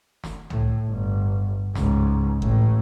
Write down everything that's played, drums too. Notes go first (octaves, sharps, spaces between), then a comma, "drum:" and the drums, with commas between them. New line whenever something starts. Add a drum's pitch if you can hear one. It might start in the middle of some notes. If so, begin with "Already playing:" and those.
drum: snare
A2, drum: tom C2
G1
C#2 G#2, drum: snare
A1 A2, drum: kick G1